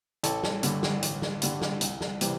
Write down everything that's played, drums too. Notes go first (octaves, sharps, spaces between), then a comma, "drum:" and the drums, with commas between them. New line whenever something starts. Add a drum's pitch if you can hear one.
A1 A4, drum: hi-hat
drum: snare
G2 D3 G3, drum: hi-hat
drum: snare
A1, drum: hi-hat
drum: snare
G2 D3 G3, drum: hi-hat
drum: snare
C2, drum: hi-hat
drum: snare
C3 E3 G3, drum: hi-hat